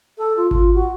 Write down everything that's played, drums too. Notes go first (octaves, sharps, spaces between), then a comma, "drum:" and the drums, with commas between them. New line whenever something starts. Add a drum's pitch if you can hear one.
A4
F4
F4, drum: kick G#1
F#4